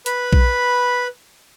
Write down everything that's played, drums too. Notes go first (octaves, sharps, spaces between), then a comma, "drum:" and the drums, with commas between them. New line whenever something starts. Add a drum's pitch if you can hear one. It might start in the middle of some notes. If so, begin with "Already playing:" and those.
B4 B5, drum: hi-hat
drum: kick A#1